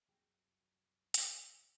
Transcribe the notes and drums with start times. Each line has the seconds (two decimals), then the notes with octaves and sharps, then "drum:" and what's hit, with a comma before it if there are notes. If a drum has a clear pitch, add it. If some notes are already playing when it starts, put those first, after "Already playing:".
0.09 C2 F#2 F#4 G#4 G5
1.14 drum: hi-hat